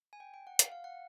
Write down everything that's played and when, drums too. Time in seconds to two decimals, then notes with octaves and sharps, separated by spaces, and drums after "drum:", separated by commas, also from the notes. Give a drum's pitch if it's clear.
0.13 G#5
0.20 G5
0.34 G5
0.47 F#5
0.59 F5, drum: hi-hat
0.72 F5
0.84 F#5